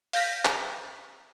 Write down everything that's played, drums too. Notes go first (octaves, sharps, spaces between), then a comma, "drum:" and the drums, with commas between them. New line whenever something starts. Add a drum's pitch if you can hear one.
F5 G6 A#6 B6, drum: open hi-hat
drum: clap